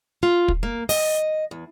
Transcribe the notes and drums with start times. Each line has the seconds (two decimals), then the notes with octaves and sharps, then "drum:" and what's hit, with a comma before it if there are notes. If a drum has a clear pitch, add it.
0.23 F4
0.48 drum: kick
0.63 A#3
0.89 D#5, drum: open hi-hat
1.51 E2